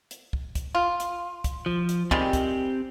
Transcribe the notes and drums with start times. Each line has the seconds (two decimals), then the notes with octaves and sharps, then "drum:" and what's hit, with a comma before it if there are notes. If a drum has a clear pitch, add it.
0.11 drum: hi-hat
0.33 drum: kick
0.55 drum: kick, hi-hat
0.75 F4
1.00 drum: hi-hat
1.44 drum: kick, hi-hat
1.66 F3
1.89 drum: hi-hat
2.11 D#3 G3 G#3 C4 G4, drum: kick
2.33 drum: kick, hi-hat